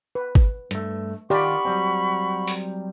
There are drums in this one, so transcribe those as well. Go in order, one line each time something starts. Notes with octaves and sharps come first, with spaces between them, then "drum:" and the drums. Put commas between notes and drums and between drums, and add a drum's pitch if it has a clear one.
B4
drum: kick G#1
G2 A3, drum: hi-hat
D#3 F4 G4 D5 F#5 A#5 B5 C#6
F#3 G3 C4
drum: open hi-hat